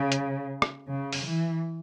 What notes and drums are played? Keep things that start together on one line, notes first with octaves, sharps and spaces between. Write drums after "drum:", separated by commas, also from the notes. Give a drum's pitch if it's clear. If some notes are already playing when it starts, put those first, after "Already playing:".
Already playing: C#3
drum: hi-hat
drum: rim click
C#3
drum: open hi-hat
E3